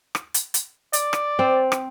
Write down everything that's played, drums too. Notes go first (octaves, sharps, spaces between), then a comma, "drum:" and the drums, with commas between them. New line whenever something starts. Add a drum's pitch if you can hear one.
drum: rim click
drum: hi-hat
drum: hi-hat
D5, drum: hi-hat
drum: rim click
C4
drum: rim click